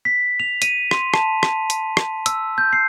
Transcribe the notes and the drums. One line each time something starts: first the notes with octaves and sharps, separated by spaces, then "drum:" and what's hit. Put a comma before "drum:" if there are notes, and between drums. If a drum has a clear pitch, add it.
B6
F7
D#7, drum: hi-hat
C6, drum: rim click
A5, drum: rim click
drum: rim click
drum: hi-hat
drum: rim click
E6, drum: hi-hat
G6
C7